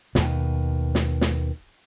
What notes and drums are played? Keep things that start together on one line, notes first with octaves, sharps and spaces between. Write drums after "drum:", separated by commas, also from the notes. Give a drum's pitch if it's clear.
D#2 B2, drum: snare
drum: snare
drum: snare